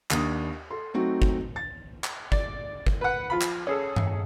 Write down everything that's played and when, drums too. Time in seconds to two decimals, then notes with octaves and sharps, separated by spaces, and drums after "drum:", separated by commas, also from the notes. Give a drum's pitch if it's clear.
0.11 D#2 D4 D#6, drum: clap
0.70 A4 C6
0.94 F#3 A3 C4 D#4 F#4
1.22 drum: kick G1
1.56 A6
2.04 drum: clap
2.32 D5, drum: kick G1
2.86 drum: kick G1
3.01 B4 F#5
3.30 F3 F4 B5
3.41 drum: clap
3.67 C#4 G#4 A4
3.96 drum: tom G2